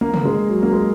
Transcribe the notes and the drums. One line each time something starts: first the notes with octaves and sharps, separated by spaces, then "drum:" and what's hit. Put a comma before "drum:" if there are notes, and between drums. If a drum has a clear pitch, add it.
A#3
drum: tom
G#3
F#3
A#3
G#3